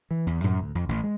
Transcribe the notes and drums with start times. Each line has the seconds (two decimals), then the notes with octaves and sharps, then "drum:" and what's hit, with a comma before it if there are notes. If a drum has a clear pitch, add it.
0.11 E3
0.27 E2
0.44 F#2, drum: tom A2
0.61 D2
0.75 F2
0.89 A1
1.04 G#3